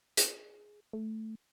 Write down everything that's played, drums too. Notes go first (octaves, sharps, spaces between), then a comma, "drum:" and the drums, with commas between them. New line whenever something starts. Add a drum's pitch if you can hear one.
G#4, drum: hi-hat
A3